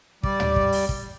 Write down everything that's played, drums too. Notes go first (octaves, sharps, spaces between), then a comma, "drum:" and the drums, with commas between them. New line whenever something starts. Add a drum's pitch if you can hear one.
G3 D5, drum: kick
drum: tom
drum: kick
drum: open hi-hat
drum: kick